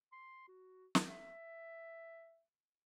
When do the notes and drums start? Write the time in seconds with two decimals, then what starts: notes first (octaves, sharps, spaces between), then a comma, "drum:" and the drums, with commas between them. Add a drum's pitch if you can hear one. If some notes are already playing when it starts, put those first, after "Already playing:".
0.12 C6
0.48 F#4
0.95 drum: snare
1.08 E5